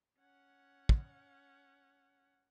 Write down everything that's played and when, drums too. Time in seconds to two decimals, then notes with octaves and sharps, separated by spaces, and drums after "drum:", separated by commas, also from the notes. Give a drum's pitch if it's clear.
0.19 C#4 F#5
0.89 drum: kick